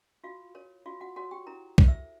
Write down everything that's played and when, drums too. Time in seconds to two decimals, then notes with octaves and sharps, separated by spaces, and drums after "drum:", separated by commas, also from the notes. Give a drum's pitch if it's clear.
0.24 F4 F#4 F5
0.55 A#4 C#5
0.86 F4 F#4 F5
1.01 F#4 F#5
1.16 F#4 A#4 C#5 F#5
1.31 G4 G5
1.46 E4 A#4 A#5
1.78 A4 C5, drum: kick
1.88 E5 E6